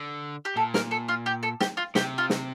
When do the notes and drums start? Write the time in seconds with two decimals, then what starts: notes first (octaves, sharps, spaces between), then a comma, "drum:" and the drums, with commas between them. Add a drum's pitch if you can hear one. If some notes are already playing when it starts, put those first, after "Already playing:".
Already playing: D3
0.45 G4
0.56 A#2 A4
0.74 A#4, drum: snare
0.91 A4
1.08 F4
1.26 G4
1.43 A4
1.61 G4, drum: snare
1.77 F4
1.95 C3 G4, drum: snare
2.18 F4
2.30 drum: snare